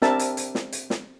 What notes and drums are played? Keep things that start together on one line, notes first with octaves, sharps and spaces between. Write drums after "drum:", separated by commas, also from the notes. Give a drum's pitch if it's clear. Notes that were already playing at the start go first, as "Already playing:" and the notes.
C4 D4 G4 A#4 E5 A5, drum: snare
drum: hi-hat
drum: hi-hat
drum: snare
drum: hi-hat
drum: snare